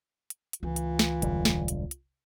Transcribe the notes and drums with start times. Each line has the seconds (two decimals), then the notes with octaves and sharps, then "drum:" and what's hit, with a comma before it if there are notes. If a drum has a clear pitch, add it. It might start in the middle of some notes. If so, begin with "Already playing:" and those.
0.30 drum: hi-hat
0.53 drum: hi-hat
0.63 C#2 E3 A3 F4
0.76 drum: hi-hat
0.99 drum: snare
1.22 E1 D3 G3, drum: hi-hat
1.45 drum: snare
1.68 drum: hi-hat
1.91 drum: hi-hat